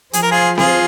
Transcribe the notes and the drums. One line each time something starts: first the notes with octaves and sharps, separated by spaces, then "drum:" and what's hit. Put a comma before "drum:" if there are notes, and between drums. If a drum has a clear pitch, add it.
F3 G#4, drum: hi-hat
A#4
F4 G#4
F4 G#4, drum: snare C4